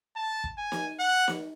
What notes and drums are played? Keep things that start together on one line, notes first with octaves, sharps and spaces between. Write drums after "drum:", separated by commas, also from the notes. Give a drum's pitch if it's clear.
A5
drum: kick
G#5
drum: snare
F#5
drum: snare